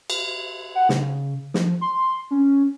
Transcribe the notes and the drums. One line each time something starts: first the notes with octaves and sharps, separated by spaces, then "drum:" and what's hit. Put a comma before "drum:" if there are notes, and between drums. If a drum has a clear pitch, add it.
drum: cymbal
F#5
C#3, drum: snare
F3, drum: snare
C6
C#4